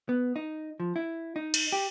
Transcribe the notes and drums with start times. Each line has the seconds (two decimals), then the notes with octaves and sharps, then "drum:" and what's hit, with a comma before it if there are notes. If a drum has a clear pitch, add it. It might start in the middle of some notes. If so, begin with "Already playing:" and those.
0.09 B3
0.36 D#4
0.80 F3
0.96 E4
1.36 D#4
1.54 drum: cymbal
1.72 G4